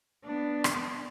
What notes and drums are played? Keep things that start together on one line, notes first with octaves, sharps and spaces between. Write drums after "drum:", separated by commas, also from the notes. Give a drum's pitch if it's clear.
B3 D4
drum: rim click